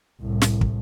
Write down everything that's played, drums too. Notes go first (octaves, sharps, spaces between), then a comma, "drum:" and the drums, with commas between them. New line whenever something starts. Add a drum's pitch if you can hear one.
C2 A2
drum: snare
drum: kick